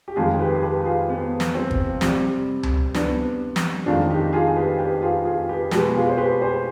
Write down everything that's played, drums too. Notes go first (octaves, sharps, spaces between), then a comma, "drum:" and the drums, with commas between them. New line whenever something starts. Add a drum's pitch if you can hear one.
G4
F2 D#3 G#3 F4 G#4
G4 B4
G#4
G4 B4
F4 G#4
B3
drum: snare
C4
drum: kick
C3 G3, drum: snare
drum: tom C#2
B3 D4, drum: snare
drum: snare
F2 D#3 G#3 D4 F4
D#4 G4
F4 G#4
G#4
G4 B4
G4 B4
F4 G#4
F4 G#4
G4 B4
B2 G#3 G4 B4, drum: snare
F4 G#4
C5
G4 B4
G#4 C5